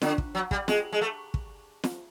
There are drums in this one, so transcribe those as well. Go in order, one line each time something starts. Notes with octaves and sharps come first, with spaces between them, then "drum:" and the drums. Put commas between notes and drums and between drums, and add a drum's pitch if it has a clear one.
D3, drum: snare
drum: kick
F#3
G3, drum: kick
G#3, drum: snare
G#3
A3
drum: kick
drum: snare